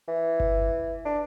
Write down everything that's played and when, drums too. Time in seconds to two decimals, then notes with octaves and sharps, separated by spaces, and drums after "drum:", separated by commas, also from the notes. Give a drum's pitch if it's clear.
0.08 E3
0.40 drum: kick G1
1.05 D4